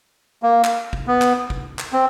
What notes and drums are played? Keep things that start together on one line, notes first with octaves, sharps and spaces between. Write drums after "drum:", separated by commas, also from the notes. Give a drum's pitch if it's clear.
A#3
drum: clap
drum: kick
B3
drum: clap
drum: kick
drum: clap
C4